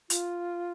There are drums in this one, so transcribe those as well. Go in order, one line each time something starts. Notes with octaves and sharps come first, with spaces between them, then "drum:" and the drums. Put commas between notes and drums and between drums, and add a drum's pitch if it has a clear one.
F4, drum: hi-hat